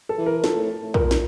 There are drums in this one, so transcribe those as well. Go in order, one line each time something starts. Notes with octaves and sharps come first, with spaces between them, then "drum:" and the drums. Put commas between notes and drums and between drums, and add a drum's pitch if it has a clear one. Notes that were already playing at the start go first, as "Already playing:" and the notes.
A4
E3
A#4
F3 A4, drum: snare
A2
A2
A#2 A#4, drum: kick
drum: snare